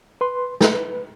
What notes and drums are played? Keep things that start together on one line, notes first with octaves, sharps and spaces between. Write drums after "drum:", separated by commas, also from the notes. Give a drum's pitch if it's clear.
B4 C6
B4, drum: snare